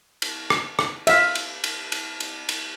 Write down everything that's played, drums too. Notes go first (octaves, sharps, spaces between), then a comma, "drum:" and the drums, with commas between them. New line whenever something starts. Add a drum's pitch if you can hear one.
drum: cymbal
drum: rim click
drum: rim click
E5 F5, drum: cymbal
drum: cymbal
drum: cymbal
drum: cymbal
drum: cymbal
drum: cymbal